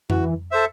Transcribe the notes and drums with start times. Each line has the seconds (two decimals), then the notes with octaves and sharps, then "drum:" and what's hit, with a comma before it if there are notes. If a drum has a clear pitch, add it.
0.10 E3 F#4, drum: tom F2
0.51 A4 C5 E5